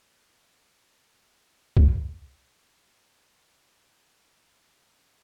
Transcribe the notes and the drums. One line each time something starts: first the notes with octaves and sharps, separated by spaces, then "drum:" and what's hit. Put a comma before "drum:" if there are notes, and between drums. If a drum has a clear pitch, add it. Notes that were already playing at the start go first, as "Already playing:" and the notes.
B2 G#5
drum: kick
A#4 B4
D6
A#2
F6
G#1 D3 F#4 D#5